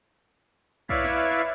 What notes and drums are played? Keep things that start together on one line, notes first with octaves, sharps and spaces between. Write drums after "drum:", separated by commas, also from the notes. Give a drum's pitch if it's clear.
E4 B4 C#5 D5 E5 F5, drum: kick B1
drum: snare